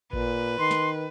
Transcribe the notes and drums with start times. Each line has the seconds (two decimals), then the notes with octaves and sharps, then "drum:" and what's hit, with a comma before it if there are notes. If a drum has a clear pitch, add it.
0.13 A#2 B4, drum: kick A1
0.59 D#3 C6
0.71 drum: snare